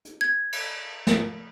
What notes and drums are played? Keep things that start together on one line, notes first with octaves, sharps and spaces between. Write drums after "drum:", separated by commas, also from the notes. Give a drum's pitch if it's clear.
drum: hi-hat
G#6
drum: cymbal
drum: snare